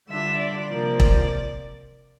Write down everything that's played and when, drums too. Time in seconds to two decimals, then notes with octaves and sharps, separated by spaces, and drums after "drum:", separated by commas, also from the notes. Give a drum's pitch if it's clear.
0.09 D3 G3 D4 F4 E5
0.40 D5
0.70 C3 F3 A#3
1.00 D5, drum: kick E1